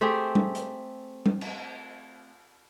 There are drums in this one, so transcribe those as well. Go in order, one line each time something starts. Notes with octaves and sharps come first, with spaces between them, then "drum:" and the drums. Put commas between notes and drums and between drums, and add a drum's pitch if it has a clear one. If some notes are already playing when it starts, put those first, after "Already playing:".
A3 C4 G4 G#4
drum: tom G3
drum: hi-hat
drum: tom G3
drum: cymbal